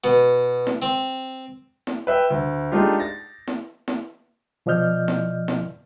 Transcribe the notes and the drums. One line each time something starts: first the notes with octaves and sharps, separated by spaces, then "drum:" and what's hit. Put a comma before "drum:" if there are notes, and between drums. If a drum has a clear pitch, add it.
B2
drum: snare E4
C4
drum: snare E4
B4 E5 G5
D2
G#3 A3 D4 D#4 F4 G4
A6 A#6
drum: snare E4
drum: snare E4
B2 F3 D5 D#5 F6 G6
drum: snare E4
drum: snare E4